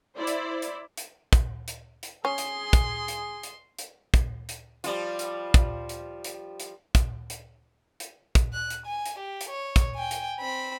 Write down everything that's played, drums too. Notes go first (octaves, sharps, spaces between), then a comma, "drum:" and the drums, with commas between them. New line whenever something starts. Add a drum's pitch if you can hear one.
E4 C5 D5
drum: hi-hat
drum: hi-hat
drum: hi-hat
drum: kick, hi-hat
drum: hi-hat
drum: hi-hat
C#4 G#4 C6
drum: hi-hat
drum: kick, hi-hat
drum: hi-hat
drum: hi-hat
drum: hi-hat
drum: kick, hi-hat
drum: hi-hat
F3 G3 F4, drum: hi-hat
drum: hi-hat
drum: kick, hi-hat
drum: hi-hat
drum: hi-hat
drum: hi-hat
drum: kick, hi-hat
drum: hi-hat
drum: hi-hat
drum: kick, hi-hat
F#6
drum: hi-hat
G#5
drum: hi-hat
G4
drum: hi-hat
C#5
drum: kick, hi-hat
G5 G#5
drum: hi-hat
C4 B5